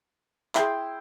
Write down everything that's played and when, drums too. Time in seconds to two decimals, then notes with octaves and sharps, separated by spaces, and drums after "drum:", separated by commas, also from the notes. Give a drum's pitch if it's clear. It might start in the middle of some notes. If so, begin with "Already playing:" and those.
0.55 E4 G#4 E5 G5 C6, drum: clap